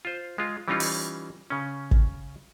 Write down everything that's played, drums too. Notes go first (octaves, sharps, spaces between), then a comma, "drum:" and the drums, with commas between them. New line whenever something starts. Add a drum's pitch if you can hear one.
F4 C5
G#3 F4
E3 G3 C#4 D#4 F4
drum: open hi-hat
C#3 C#4
drum: kick